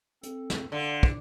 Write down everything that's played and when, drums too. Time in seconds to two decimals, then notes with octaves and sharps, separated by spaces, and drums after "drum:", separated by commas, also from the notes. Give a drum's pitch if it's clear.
0.23 C4 A4, drum: hi-hat
0.50 drum: snare
0.72 D3 F5 F#5 C6
1.03 drum: kick